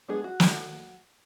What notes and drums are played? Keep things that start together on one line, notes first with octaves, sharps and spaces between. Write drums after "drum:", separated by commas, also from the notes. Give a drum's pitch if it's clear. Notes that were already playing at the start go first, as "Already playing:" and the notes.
G#3 B3 D4 G#4
F#4
G#3 D4, drum: snare